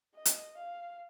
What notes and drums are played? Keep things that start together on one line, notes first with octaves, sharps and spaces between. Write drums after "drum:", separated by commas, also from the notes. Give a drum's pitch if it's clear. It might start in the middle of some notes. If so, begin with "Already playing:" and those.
D#5
drum: hi-hat
F5